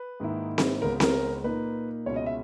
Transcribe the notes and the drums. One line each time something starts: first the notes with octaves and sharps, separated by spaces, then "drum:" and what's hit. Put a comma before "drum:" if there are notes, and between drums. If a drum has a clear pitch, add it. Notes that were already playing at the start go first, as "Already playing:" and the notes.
Already playing: B4
G#2 D#3 A#3 E4
drum: snare C4
C#2 C#3 G#3 B3 A#4
A#4, drum: snare C4
A#2 A#3 D#4 B4
C#2 B2 G#3 C#4 E4 C#5
D#5
E5